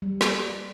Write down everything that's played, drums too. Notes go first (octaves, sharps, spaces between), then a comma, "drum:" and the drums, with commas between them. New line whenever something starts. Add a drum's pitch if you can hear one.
G3
drum: snare